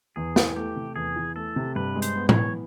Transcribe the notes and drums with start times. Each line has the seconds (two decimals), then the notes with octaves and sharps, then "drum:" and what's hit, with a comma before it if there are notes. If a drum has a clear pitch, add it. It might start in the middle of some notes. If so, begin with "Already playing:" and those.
0.16 E2 G#4
0.36 E3, drum: snare
0.56 A3 G4
0.76 C3
0.96 E2 G#4
1.16 E3
1.36 A3 A4
1.56 C3
1.76 G2 B4
1.96 G#3
2.02 C5, drum: hi-hat
2.15 B3
2.29 C#5, drum: tom
2.35 E3